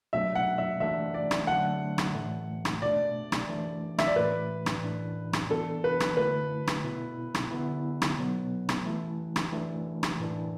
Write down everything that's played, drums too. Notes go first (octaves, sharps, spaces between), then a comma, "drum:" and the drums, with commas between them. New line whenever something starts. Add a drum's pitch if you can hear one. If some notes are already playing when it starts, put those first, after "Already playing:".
B2 F#3 A3 D4 E5
F#5
E5
E3 A3 D4 E5
D5
drum: rim click
D3 F#3 A3 D4 F#5
drum: rim click
A2 E3 A3
drum: rim click
B2 A3 D4 D5
drum: rim click
E3 A3 D4
E5, drum: rim click
D5
A2 E3 A3 B4
drum: rim click
A2 E3 D4
drum: rim click
E3 B3 D4 A4
B4
drum: rim click
D3 A3 E4 B4
drum: rim click
B2 B3 E4
drum: rim click
D3 B3 E4
drum: rim click
B2 F#3 B3
drum: rim click
E3 A3 E4
drum: rim click
E3 A3 D4
drum: rim click
A2 E3 D4